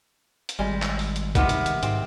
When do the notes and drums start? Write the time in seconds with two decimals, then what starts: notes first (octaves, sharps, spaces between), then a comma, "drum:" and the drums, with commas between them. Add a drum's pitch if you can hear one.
0.49 drum: hi-hat
0.59 G#1 G3 G#3
0.82 drum: clap
0.99 drum: open hi-hat
1.16 drum: hi-hat
1.35 C3 D#3 B3, drum: kick B1, hi-hat
1.49 drum: hi-hat
1.66 drum: hi-hat
1.83 G#2 C4, drum: hi-hat